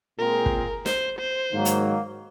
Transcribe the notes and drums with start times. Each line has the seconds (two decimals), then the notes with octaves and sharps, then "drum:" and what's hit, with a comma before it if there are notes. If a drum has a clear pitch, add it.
0.18 A#2 G#3 C4 F4 G#4 A#4
0.46 drum: kick
0.86 C5, drum: snare
1.19 C5
1.52 G#2 D#3 F#3 A#3
1.65 drum: hi-hat